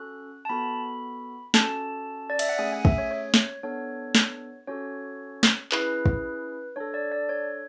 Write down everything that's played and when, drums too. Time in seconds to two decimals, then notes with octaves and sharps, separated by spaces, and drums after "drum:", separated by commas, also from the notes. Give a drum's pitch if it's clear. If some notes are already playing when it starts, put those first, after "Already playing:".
Already playing: C#4 F#4 A4 F#6
0.45 A5
0.49 B3 F#4 A4 B5
1.54 C#4 F#4 A4 A5, drum: snare
2.30 D5
2.39 E5, drum: cymbal
2.49 F#5
2.58 A3 C#4 G#4 G#5
2.72 G#5
2.85 E5, drum: kick
2.98 C#5
3.11 C#5
3.34 drum: snare
3.63 B3 D4 A4 C#5
4.15 drum: snare
4.67 C#4 F#4 A4 C#5
5.43 drum: snare
5.72 C#4 E4 G#4 B4, drum: clap
6.06 drum: kick
6.76 D4 A4 C#5
6.94 D5
7.12 D5
7.29 C#5